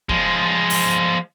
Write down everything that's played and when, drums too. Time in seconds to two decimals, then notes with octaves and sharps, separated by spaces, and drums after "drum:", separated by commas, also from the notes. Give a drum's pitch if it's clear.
0.09 F3 G#3, drum: kick
0.70 drum: open hi-hat